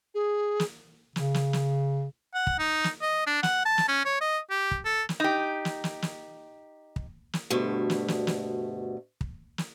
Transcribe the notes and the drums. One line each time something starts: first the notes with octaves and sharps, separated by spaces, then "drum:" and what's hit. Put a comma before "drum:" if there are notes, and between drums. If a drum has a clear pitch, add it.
G#4
drum: snare
C#3, drum: snare
drum: snare
drum: snare
F#5
drum: kick
D#4
drum: snare
D#5
D4
F#5, drum: snare
A5
drum: snare
C#4
C#5
D#5
G4
drum: kick
A4
drum: snare
D#4 G4
drum: snare
drum: snare
drum: snare
drum: kick
drum: snare
D2 G2 B2 A3
drum: snare
drum: snare
drum: snare
drum: kick
drum: snare